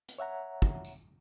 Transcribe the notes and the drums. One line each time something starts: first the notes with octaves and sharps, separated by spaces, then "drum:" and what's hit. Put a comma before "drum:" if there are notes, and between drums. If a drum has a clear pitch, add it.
drum: hi-hat
C#5 E5 F#5 A#5
drum: kick
drum: tambourine